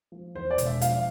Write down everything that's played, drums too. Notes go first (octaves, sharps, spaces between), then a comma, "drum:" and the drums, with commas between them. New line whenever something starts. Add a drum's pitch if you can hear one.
F3
E2 C5
D5
E1, drum: hi-hat
E5
F3 F5, drum: hi-hat